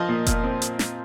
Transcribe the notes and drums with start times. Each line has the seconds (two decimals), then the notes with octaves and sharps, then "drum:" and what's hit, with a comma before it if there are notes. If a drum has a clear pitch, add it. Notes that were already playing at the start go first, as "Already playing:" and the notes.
Already playing: F3 D#5
0.09 A#2
0.26 A#2, drum: kick F1, hi-hat
0.44 C4
0.62 drum: hi-hat
0.79 drum: snare